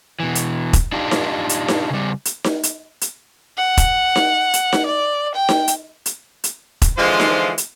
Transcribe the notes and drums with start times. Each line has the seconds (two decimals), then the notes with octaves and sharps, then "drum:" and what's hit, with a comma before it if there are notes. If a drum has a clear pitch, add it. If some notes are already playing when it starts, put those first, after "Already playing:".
0.20 B2 E3
0.35 drum: hi-hat
0.73 drum: kick E1, hi-hat
0.92 D4 D#4 F4 G4
1.11 drum: snare D#4
1.49 drum: hi-hat
1.68 drum: snare D#4
1.90 C#3 G3
2.25 drum: hi-hat
2.44 drum: snare D#4
2.63 drum: hi-hat
3.01 drum: hi-hat
3.57 F#5
3.77 drum: kick E1, hi-hat
4.15 drum: snare D#4
4.54 drum: hi-hat
4.73 drum: snare D#4
4.86 D5
5.35 G5
5.49 drum: snare D#4
5.68 drum: hi-hat
6.06 drum: hi-hat
6.44 drum: hi-hat
6.82 drum: kick E1, hi-hat
6.98 D3 E3 F3 G#3 F4 C5
7.20 drum: snare D#4
7.58 drum: hi-hat